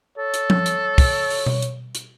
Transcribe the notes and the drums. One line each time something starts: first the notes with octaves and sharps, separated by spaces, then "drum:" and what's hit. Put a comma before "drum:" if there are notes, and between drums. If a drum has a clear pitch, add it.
A4 C#5
drum: hi-hat
drum: tom F3
drum: hi-hat
drum: kick, open hi-hat
drum: open hi-hat
drum: tom B2
drum: hi-hat
drum: hi-hat